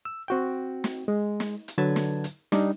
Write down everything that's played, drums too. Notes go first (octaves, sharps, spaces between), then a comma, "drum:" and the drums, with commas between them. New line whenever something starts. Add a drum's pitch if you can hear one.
E6
C4 F#4 G5
drum: snare
G#3
drum: snare
drum: hi-hat
D3 F#3 B4 A5 G#6
drum: snare
drum: hi-hat
G3 D4 D#4, drum: snare